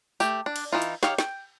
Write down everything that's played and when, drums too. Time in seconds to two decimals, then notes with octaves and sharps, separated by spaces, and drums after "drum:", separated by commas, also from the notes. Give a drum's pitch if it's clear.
0.20 A3 G4, drum: tambourine
0.46 D4
0.56 drum: cymbal
0.72 E3 D#4 F4
0.82 drum: hi-hat
1.03 D#3 G4 C#5 F5, drum: snare
1.18 G5, drum: snare